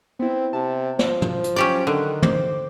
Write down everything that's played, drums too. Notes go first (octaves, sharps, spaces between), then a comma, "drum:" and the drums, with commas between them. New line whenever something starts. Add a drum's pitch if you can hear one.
B3 C4 E4
C3 A5
F3 C5, drum: snare
drum: tom
drum: hi-hat
F#3 C#4 G4 D5
D3 D#3 F#6
C5 D6, drum: tom